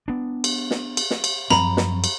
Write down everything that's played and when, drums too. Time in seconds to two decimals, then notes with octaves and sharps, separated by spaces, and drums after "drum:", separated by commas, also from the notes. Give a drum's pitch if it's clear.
0.08 B3 D4
0.44 drum: cymbal
0.71 drum: snare
0.97 drum: cymbal
1.11 drum: snare
1.24 drum: cymbal
1.50 F#2 F3 C4 A#5 B5, drum: snare
1.77 drum: snare
2.04 drum: cymbal